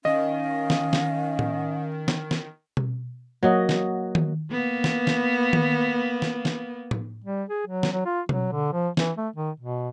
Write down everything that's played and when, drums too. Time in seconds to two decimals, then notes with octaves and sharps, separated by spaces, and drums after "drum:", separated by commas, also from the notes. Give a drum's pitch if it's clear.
0.05 D#3 C#4 D#5 F5
0.70 drum: snare
0.93 drum: snare
1.39 drum: tom A2
2.08 drum: snare
2.31 drum: snare
2.77 drum: tom B2
3.43 F#3 A#3 F#4 D#5
3.69 drum: snare
4.15 drum: tom D#3
4.51 A#3 B3
4.84 drum: snare
5.07 drum: snare
5.53 drum: tom D#3
6.22 drum: snare
6.45 drum: snare
6.91 drum: tom A2
7.24 G3
7.49 G#4
7.67 F#3
7.83 drum: snare
7.92 F#3
8.05 F4
8.29 F#3, drum: tom B2
8.52 D3
8.73 F3
8.97 E3, drum: snare
9.17 A3
9.36 D#3
9.60 B2